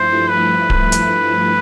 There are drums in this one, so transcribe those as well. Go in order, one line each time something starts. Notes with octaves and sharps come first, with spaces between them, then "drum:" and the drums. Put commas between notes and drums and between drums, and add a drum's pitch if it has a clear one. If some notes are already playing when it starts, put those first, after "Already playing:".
Already playing: G2 F3 A3 E4 C5
B4
drum: kick D1
drum: hi-hat